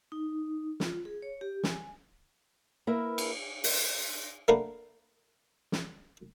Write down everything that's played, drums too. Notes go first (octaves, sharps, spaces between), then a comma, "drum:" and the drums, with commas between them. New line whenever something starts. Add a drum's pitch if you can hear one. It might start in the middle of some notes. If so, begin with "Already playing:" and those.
D#4
F4, drum: snare
G#4
C#5
G4
G#5, drum: snare
A#3 E4 A#4 B4 E5
drum: cymbal
drum: open hi-hat
A3 A#3 D4 A#4 B4 F#5
drum: snare